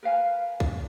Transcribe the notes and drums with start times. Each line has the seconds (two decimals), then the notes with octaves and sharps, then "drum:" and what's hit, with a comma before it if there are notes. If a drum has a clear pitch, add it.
0.03 A#4 B4 F5 G#5
0.60 drum: kick